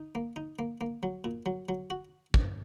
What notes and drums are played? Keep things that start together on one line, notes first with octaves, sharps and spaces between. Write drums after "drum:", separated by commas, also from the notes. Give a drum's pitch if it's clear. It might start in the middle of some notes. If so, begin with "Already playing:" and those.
Already playing: D#4
A#3
D#4
A#3
A#3
F#3
A#2
F#3
F#3
F#4
drum: kick